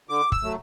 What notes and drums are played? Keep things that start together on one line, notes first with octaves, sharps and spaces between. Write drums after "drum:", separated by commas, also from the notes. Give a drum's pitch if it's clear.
D3 D6
E6, drum: kick
F#3 A3